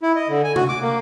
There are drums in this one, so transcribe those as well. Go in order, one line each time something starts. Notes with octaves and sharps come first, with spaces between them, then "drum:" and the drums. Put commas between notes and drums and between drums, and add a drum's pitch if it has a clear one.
E4
D#5
D3
G#5
F#4, drum: tom C3
D6
A#3